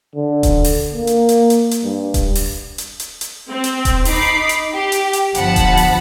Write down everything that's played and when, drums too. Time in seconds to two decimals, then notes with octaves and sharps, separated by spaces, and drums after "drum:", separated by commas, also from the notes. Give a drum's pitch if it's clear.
0.15 D3
0.43 drum: kick D#1, hi-hat
0.64 drum: open hi-hat
0.94 A#3
1.07 drum: hi-hat
1.29 drum: hi-hat
1.50 drum: hi-hat
1.71 drum: hi-hat
1.84 G2
2.14 drum: kick D#1, hi-hat
2.35 drum: open hi-hat
2.78 drum: hi-hat
3.00 drum: hi-hat
3.21 drum: hi-hat
3.48 C4
3.64 drum: hi-hat
3.85 drum: kick D#1, hi-hat
4.05 D#4 B5 D6 C7, drum: open hi-hat
4.49 drum: hi-hat
4.74 G4
4.92 drum: hi-hat
5.13 drum: hi-hat
5.35 G1 F3 F#5 A5 B5, drum: hi-hat
5.56 drum: kick D#1, hi-hat
5.77 drum: open hi-hat